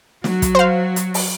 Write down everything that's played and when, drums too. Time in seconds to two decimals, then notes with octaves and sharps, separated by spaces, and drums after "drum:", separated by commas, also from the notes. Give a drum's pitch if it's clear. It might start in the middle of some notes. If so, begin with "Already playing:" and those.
0.24 F#3 F#4, drum: snare
0.42 drum: kick, hi-hat
0.55 C5 F5
0.96 drum: hi-hat
1.14 drum: open hi-hat